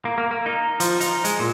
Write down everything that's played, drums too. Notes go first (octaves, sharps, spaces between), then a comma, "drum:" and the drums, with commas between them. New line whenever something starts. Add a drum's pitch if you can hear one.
A#3
A#3
A#3
D#4
F3, drum: hi-hat
D#4, drum: hi-hat
G#3, drum: hi-hat
A#2